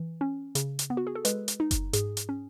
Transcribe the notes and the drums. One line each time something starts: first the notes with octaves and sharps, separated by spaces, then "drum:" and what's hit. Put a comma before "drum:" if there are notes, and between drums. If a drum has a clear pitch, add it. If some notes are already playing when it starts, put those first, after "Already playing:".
Already playing: E3
C#4
C#3, drum: hi-hat
drum: hi-hat
B3
F#4
G#4
A4
G#3 B4, drum: hi-hat
drum: hi-hat
D#4
drum: kick F#1, hi-hat
G#2 G#4, drum: hi-hat
drum: hi-hat
C#4